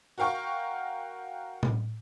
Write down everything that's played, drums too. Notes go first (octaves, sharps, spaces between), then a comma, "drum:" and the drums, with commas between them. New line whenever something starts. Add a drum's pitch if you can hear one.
F#4 A#4 F5 G5 C#6
drum: tom A2